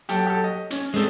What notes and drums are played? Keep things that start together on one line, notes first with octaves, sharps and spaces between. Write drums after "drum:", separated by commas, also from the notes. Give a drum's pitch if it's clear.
F#3 G4 A4 G5, drum: hi-hat
G4 A4
D#5
C#4, drum: hi-hat
G#3 C4 A4